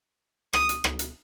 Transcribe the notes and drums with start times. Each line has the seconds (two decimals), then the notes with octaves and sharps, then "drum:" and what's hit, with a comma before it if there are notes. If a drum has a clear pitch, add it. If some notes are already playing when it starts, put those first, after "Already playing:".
0.53 D#6, drum: rim click
0.69 drum: hi-hat
0.84 drum: rim click
0.99 drum: hi-hat